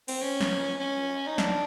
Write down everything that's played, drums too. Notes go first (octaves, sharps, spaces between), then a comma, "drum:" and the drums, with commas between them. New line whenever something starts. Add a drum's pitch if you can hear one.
C4, drum: cymbal
C#4
drum: snare
C#4
D#4
D4, drum: snare